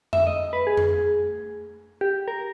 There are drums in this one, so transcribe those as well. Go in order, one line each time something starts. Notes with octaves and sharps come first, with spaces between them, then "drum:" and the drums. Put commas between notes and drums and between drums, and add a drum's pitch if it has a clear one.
E5, drum: tom F2
D#5
B4
G#4
drum: tom F2
G4
A#4